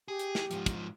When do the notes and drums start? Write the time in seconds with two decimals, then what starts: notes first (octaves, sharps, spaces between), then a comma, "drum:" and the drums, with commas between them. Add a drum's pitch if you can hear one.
0.08 G4 G#4
0.19 drum: hi-hat
0.35 drum: snare
0.51 G#2 F3, drum: hi-hat
0.66 drum: kick, hi-hat